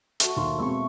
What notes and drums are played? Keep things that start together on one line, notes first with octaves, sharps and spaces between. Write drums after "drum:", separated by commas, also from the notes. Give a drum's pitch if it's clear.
A3 F#4, drum: hi-hat
D#2 F4
B2 G#3 C4 E4 C#6